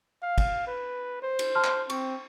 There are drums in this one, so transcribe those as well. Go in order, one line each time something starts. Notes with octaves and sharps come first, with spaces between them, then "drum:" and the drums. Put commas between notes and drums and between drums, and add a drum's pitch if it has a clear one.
F5
drum: kick, cymbal
B4
C5
drum: cymbal
A5 C6 F6
drum: clap
C4 C#6, drum: cymbal